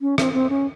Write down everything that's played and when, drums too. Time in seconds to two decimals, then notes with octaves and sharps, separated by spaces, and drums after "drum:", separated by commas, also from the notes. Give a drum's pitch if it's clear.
0.01 C#4
0.18 C4, drum: rim click
0.33 C4
0.50 C#4